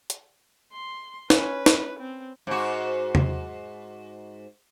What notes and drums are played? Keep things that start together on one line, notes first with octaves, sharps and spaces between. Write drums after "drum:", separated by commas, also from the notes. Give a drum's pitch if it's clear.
drum: hi-hat
C6
C#4 B4, drum: snare
drum: snare
C4
G#2 F#4
drum: tom